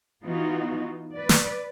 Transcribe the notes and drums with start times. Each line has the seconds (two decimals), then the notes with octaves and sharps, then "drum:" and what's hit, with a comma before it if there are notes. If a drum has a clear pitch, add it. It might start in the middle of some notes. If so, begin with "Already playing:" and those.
0.25 E3 B3 D#4 F4 F#4
1.14 B4 D5
1.29 drum: snare